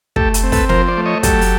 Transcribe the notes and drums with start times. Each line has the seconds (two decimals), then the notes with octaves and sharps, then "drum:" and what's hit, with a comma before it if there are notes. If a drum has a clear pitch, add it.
0.16 A3 G4 A4, drum: kick
0.34 drum: hi-hat
0.43 C4
0.52 A4 B4, drum: kick, open hi-hat
0.69 F3 A#4 C5, drum: snare
0.88 C5 D5
0.97 A3
1.06 C#5 D#5
1.23 F#3 G4 A4, drum: kick, hi-hat
1.41 drum: open hi-hat